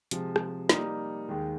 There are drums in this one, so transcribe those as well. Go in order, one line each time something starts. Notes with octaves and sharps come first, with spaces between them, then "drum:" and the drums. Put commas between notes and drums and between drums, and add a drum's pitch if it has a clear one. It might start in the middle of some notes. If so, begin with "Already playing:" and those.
C3 F3 G#3, drum: hi-hat
drum: rim click
G3 A#3 D#4, drum: snare
D#2 D#3 G#3